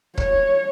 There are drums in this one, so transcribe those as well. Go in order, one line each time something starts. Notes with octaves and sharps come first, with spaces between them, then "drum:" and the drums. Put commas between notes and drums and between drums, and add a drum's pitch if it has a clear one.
C#5, drum: kick